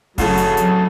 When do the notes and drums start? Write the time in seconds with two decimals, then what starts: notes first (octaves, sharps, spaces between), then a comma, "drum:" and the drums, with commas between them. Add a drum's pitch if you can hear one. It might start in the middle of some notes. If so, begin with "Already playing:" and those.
0.18 C2 A2 C#3 F#3 A4, drum: kick F#1, open hi-hat
0.38 drum: hi-hat
0.57 drum: hi-hat